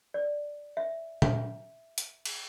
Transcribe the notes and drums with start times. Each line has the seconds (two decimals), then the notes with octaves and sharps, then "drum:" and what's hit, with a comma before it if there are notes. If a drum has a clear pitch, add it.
0.14 D5
0.77 E5
1.22 E5, drum: tom A#2
1.98 drum: hi-hat
2.25 drum: cymbal